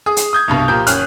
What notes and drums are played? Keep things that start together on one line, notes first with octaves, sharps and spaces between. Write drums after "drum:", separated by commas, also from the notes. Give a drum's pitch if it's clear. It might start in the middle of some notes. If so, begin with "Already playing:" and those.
G#4 D#6
drum: hi-hat
D#6 G6 G#6
C2 G2 B2
A#2 F3 G4 A#4 G6
F#1 C#4 F6 F#6, drum: hi-hat